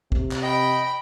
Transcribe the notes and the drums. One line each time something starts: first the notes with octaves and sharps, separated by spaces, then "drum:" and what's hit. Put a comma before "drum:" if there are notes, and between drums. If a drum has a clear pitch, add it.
C3, drum: kick
drum: clap
D#5 G5 B5